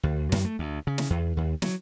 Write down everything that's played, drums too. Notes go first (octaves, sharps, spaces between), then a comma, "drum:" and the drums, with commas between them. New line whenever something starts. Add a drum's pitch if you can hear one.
D2
F#2, drum: snare
A3
D2
C#3
drum: snare
E2
D#2
F#3, drum: snare